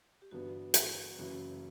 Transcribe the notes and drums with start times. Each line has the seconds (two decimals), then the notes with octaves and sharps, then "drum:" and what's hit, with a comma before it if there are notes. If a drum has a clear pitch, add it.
0.22 G4
0.31 G1 G2 E3 B3 D4 F#4
0.74 drum: hi-hat
1.18 F#1 F#2 C#3 E3 F#4